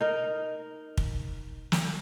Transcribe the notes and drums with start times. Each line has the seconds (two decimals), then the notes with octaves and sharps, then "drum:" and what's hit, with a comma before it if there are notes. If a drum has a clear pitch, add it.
0.01 D#4 A#4
0.97 drum: kick
1.72 drum: snare